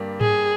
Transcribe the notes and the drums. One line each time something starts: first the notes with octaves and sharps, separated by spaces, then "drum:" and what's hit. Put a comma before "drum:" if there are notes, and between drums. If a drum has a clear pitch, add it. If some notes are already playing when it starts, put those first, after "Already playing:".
Already playing: G2 G3 A#3
A#3 G#4, drum: tom G#2